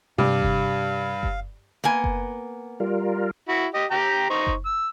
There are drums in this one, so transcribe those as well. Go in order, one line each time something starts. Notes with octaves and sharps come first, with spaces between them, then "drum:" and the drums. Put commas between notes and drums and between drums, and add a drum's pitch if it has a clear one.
G2 C3 G4 F5
drum: kick F#1
drum: kick F#1
A#3 B3 G#5
drum: kick F#1
G3 F4 A#4
E4 F#4
G4 D#5
G4 G5 A#5
D#4 C5 C#6
drum: kick F#1
E6